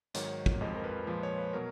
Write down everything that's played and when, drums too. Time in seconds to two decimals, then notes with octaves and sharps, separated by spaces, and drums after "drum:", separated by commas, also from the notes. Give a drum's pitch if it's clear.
0.14 G#2 D#3 F#3 C#5, drum: hi-hat
0.46 drum: kick
0.61 F2 F3 G#3 D#5
0.76 A#4
0.84 B4
1.07 A#2 F3 G#3 B4
1.23 C#5
1.38 B4
1.53 B2 F#3 A#4